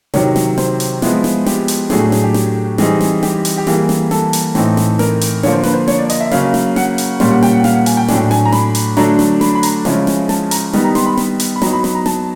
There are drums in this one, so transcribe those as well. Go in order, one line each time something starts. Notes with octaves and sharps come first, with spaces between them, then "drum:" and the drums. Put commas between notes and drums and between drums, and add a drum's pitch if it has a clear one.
C3 D#3 F#3 C#5, drum: snare
drum: snare
C5, drum: snare
drum: hi-hat
F3 G#3 B3 E4, drum: snare
drum: snare
G4, drum: snare
drum: hi-hat
A2 F#3 A3 D4 G#4, drum: snare
G#4, drum: snare
G4
drum: snare
E3 G3 C4 D#4 G#4, drum: snare
drum: snare
G4, drum: snare
drum: hi-hat
G4
E3 G3 A#3 G#4, drum: snare
drum: snare
A4, drum: snare
drum: hi-hat
A2 E3 A3 C4 D#4, drum: snare
drum: snare
A#4, drum: snare
drum: hi-hat
D3 F3 A#3 C#5, drum: snare
C5
B4, drum: snare
C5
C#5, drum: snare
D5
D#5, drum: hi-hat
E5
C#3 F#3 A#3 C#4 F5, drum: snare
drum: snare
F#5, drum: snare
drum: hi-hat
A#2 G3 A#3 C#4 C6, drum: snare
F#5
G5, drum: snare
F#5
F5, drum: snare
F#5
G#5, drum: hi-hat
G5
A2 F#3 A3 D4 G#5, drum: snare
G#5, drum: snare
A#5
B5, drum: snare
drum: hi-hat
D3 F#3 A3 D4 A#5, drum: snare
drum: snare
B5, drum: snare
B5
A#5, drum: hi-hat
C#3 F3 G#3 C#4 E4, drum: snare
drum: snare
A5, drum: snare
A#5, drum: hi-hat
D#3 G3 B3 D#4, drum: snare
A#5
C6, drum: snare
B5
drum: snare
drum: hi-hat
B5
F#3 B3 D#4 A#5, drum: snare
B5
B5, drum: snare
A#5
A5, drum: snare